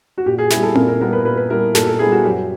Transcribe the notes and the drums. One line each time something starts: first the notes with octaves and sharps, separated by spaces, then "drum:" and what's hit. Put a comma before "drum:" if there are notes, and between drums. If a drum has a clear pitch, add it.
F#4
A#2 G4
G#4
G3 B3 E4 G#4, drum: snare
A4
A#2 A#4, drum: tom C4
A#4
G3 B3 E4 A#4
B4
A#2 B4
B4
G3 B3 E4 A#4
A#2 A4, drum: snare
A4
G3 B3 E4 G#4
F#4
F#2 G4